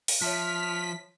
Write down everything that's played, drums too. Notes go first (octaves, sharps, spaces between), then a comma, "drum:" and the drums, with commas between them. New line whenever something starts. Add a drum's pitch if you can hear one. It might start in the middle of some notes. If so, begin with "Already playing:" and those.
drum: open hi-hat
F3 C#5 E5 A5 F6 B6